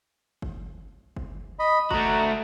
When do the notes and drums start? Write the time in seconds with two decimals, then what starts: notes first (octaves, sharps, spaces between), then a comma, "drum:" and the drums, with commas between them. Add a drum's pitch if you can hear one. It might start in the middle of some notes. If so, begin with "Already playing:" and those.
0.42 drum: kick G1
1.17 drum: kick G1
1.59 D#5 B5
1.91 A3 F#4 A#5, drum: kick G1